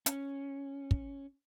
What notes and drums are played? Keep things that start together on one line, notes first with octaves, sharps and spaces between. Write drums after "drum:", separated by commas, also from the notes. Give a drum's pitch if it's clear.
C#4, drum: hi-hat
drum: kick